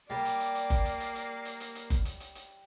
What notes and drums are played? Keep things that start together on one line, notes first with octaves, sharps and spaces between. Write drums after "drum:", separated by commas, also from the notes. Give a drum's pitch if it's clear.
G3 A#3 D5
drum: hi-hat
drum: hi-hat
drum: hi-hat
drum: kick F#1, hi-hat
drum: hi-hat
drum: hi-hat
drum: hi-hat
drum: hi-hat
drum: hi-hat
drum: hi-hat
drum: kick F#1, hi-hat
drum: hi-hat
drum: hi-hat
drum: hi-hat